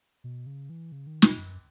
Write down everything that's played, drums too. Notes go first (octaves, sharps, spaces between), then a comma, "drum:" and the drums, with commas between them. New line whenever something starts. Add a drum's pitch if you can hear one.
B2
C#3
E3
C#3
D#3
B2, drum: snare
F#2